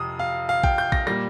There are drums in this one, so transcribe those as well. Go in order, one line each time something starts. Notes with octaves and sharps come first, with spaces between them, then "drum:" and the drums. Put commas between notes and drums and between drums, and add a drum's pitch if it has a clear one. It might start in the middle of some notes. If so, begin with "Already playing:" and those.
Already playing: F2 C3 D#6
F5
F5
G5, drum: kick A#1
G6
A#6, drum: kick A#1
A#2 G3 A#3 A#6